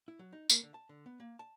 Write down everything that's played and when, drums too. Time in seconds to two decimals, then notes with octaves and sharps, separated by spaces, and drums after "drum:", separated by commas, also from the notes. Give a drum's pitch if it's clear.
0.08 E4
0.19 F#3
0.33 D#4
0.50 A#3, drum: tambourine
0.63 D3
0.74 A5
0.89 D3
1.06 B3
1.20 A#3
1.39 A5